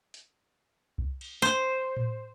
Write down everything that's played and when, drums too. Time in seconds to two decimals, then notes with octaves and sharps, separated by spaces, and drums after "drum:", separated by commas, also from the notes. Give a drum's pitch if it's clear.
0.14 drum: hi-hat
0.98 drum: kick C2
1.21 drum: cymbal
1.42 C5, drum: snare
1.97 drum: tom A2